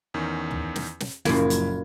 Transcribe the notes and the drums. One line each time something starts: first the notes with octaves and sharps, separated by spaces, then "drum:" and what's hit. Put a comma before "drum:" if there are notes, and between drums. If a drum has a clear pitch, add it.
E2 D#3 C#4
drum: tom
drum: snare
drum: snare
F#1 F#2 A#2 F3 A#3 G#6, drum: snare
drum: hi-hat